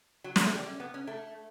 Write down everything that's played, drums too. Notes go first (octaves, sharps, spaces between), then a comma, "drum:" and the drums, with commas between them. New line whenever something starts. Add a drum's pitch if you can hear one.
F#3
G3, drum: snare
A3
G3
C#4
B3
C#4
A3